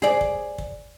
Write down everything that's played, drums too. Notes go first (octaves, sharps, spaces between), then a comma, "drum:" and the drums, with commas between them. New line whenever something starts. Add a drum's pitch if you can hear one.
G#4 D5
drum: kick
drum: kick